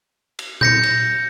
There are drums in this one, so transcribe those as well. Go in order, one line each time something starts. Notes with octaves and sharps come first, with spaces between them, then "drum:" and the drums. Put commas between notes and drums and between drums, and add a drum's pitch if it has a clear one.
drum: cymbal
G6 A#6 C#7, drum: tom A#2
drum: cymbal